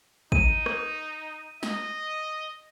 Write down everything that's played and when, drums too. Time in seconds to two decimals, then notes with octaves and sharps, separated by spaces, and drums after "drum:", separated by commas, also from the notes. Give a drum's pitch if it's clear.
0.32 D#4 D#7, drum: kick
0.66 drum: rim click
1.63 D#5, drum: snare